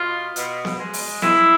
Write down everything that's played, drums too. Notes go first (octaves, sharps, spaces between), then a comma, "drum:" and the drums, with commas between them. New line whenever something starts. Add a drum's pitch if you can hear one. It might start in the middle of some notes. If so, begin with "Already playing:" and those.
Already playing: B2 F4
B2, drum: hi-hat
drum: snare B3
G#3
drum: open hi-hat
G#3 E4, drum: snare B3